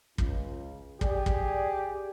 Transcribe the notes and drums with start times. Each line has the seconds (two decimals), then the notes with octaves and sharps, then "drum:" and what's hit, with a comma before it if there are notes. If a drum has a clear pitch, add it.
0.18 C#2, drum: kick
1.01 G4 G#4 D5, drum: kick
1.26 drum: kick